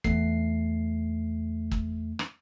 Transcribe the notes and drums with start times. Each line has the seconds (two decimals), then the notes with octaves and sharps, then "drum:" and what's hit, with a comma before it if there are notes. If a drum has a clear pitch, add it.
0.04 E2 A3 C7, drum: kick
1.71 drum: kick
2.19 drum: rim click